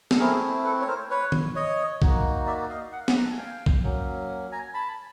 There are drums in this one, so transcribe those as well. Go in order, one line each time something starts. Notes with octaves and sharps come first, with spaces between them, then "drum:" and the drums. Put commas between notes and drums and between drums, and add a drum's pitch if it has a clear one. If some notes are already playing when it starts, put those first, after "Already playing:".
A4, drum: snare
A3 C4 E4 G#4 A#4
A4 B4
C#5
A#4 C5
B4 C#5
drum: tom D#3
C#5 D#5
A#3 D#4 F#4, drum: kick
D5 E5
D#5 F5
F#5
F5
E5 F#5, drum: snare
A#5
A5
G#5
F5 G5
drum: kick
F#3 A#3 C#4
G#5 A#5
A5 B5